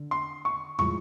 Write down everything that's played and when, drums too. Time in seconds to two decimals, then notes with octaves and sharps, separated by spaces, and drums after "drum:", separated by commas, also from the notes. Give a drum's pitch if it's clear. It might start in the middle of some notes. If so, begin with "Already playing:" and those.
Already playing: D3
0.11 C6
0.45 C#6
0.79 A2 F3 G#3 C#6, drum: tom